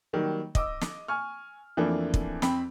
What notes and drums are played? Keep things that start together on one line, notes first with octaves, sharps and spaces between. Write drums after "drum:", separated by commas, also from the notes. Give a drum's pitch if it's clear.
D#3 F#3 G3 A#3
D#5 D6 E6, drum: kick
drum: snare
G#5 C#6 F6
F2 E3 F3 A3 A#3 D4
drum: kick
F2 C4 B5, drum: snare